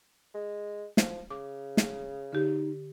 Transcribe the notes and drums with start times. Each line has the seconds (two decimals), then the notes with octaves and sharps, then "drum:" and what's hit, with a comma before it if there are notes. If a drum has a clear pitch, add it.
0.35 G#3
0.97 F3, drum: snare
1.31 C#3 D6
1.77 drum: snare
2.33 D3 D#4 G4